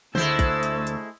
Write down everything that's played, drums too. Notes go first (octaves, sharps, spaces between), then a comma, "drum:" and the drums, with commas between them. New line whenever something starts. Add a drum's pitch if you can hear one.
D2 G#3 A3 E4 C5 E6 A6, drum: tom D3
drum: kick, hi-hat
drum: hi-hat
drum: hi-hat